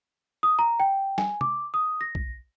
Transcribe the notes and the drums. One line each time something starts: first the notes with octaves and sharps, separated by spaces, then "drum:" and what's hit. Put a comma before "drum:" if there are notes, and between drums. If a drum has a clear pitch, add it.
D#6
A#5
G5
G#5, drum: snare G3
D6, drum: tom
D#6
A#6
drum: kick